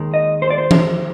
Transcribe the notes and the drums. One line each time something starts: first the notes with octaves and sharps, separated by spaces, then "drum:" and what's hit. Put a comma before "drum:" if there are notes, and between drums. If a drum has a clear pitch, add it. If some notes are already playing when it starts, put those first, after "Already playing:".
Already playing: D#2 D#3 G#3
D#5
C5
D5
C5
drum: tom E3